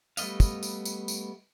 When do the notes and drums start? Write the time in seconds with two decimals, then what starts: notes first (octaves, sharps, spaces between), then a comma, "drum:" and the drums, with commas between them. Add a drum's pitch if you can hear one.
0.17 G3 A3 B3 D#5 F5, drum: tambourine
0.40 drum: kick, tambourine
0.63 drum: tambourine
0.85 drum: tambourine
1.08 drum: tambourine